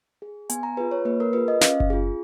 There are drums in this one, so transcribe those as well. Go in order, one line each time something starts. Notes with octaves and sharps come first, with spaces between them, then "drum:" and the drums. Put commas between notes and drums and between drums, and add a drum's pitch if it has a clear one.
G#4
B3 G#5, drum: hi-hat
A#5
F4 G#4 B4
C#5
A#3 B4
A#4
F4 G#4 B4
D#5
C#4 F5, drum: snare
drum: kick F#1
F4 G#4